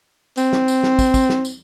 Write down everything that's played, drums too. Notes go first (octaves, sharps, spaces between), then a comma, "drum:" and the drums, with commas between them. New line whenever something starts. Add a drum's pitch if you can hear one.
C4, drum: tambourine
drum: snare
drum: tambourine
drum: snare
drum: kick, tambourine
drum: kick, tambourine
drum: snare
drum: tambourine